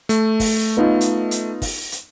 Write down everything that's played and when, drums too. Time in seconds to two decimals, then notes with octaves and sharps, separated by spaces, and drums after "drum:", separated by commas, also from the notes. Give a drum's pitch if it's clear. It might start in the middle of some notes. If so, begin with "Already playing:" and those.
0.09 A3, drum: hi-hat
0.40 drum: kick, open hi-hat
0.77 B3 D#4 F4
1.01 drum: hi-hat
1.31 drum: hi-hat
1.62 drum: kick, open hi-hat
1.92 drum: hi-hat